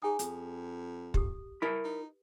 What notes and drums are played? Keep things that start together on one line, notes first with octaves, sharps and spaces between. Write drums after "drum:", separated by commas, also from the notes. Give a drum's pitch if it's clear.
D#4 G#4 G#5 D#6
F2, drum: hi-hat
G4 D#6, drum: kick
E4 A#4 B4 B5
D#4